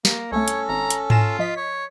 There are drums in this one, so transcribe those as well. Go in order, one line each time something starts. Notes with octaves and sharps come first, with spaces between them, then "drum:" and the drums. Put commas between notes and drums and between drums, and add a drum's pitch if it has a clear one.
A#3, drum: snare
C2 A3 C#4 A4 C#5
drum: hi-hat
G#1 A#5
drum: hi-hat
F4 G#5 A#6 E7, drum: tom G#2
F3 D#5 B6
C#5